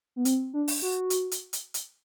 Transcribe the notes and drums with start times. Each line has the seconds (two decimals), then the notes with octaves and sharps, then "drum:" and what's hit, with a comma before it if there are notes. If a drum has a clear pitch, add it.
0.16 B3
0.25 C4, drum: hi-hat
0.54 D4
0.68 drum: open hi-hat
0.82 F#4
1.10 drum: hi-hat
1.31 drum: hi-hat
1.53 drum: hi-hat
1.74 drum: hi-hat